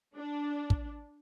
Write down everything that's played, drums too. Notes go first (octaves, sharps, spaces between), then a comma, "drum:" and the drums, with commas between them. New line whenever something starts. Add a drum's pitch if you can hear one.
D4
drum: kick